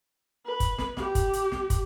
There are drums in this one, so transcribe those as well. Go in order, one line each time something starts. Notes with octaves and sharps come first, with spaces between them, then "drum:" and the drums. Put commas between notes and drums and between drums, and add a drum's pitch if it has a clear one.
B4
drum: kick, hi-hat
drum: snare
G4, drum: snare
drum: kick, hi-hat
drum: hi-hat
drum: snare
drum: kick, hi-hat